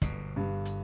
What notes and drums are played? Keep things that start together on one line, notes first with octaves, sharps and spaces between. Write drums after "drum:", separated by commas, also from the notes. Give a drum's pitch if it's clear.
G1 B2, drum: kick, hi-hat
G2
drum: hi-hat